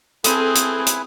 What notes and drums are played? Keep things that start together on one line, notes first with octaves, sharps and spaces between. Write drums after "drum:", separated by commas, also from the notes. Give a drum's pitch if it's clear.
C4 E4 G#4 A4 B4 G#5 D#6, drum: hi-hat
drum: hi-hat
drum: hi-hat